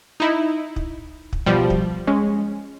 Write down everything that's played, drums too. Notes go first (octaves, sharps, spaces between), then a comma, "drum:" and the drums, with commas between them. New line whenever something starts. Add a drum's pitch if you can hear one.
D#4 E4
drum: kick
drum: kick
B2 F3 G3
drum: kick
G#3 C#4